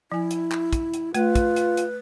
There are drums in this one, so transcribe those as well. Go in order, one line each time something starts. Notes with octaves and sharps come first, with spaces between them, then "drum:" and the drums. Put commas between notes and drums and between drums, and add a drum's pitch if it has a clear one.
F3 E4 G#5
drum: hi-hat
drum: clap
drum: kick, hi-hat
drum: hi-hat
A3 F4 B4, drum: hi-hat
drum: kick, hi-hat
drum: hi-hat
drum: hi-hat